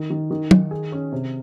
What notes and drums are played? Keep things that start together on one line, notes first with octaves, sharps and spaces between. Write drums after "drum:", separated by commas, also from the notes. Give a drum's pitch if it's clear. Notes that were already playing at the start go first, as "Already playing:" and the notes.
Already playing: D#3
D#3
D#3
D#3, drum: tom
G#4
C#4
C3